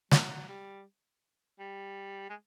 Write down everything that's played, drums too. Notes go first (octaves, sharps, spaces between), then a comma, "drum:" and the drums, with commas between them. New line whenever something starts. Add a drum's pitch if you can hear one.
F#3, drum: snare
G3
G3
G#3